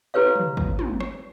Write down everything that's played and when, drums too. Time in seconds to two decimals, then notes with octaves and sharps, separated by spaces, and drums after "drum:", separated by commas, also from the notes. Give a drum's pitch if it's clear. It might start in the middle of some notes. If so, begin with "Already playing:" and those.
0.14 E4 G4 B4 C#5 F5
0.36 drum: tom
0.57 drum: kick
0.79 drum: tom
1.00 drum: rim click